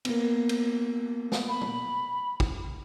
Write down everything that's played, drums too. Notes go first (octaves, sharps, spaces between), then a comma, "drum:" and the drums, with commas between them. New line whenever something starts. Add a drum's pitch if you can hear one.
A#3 B3, drum: cymbal
drum: cymbal
drum: snare
B5
drum: tom
drum: kick